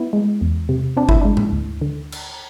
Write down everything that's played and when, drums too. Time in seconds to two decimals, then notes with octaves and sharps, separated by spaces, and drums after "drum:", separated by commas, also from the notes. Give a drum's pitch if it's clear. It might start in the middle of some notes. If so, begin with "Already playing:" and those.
Already playing: B3 E4
0.13 G#3
0.41 E2
0.69 C3
0.97 C4 D4
1.09 E4, drum: kick G1
1.21 G#3 D4
1.37 drum: tom G#2
1.52 D2
1.81 D3
2.12 drum: cymbal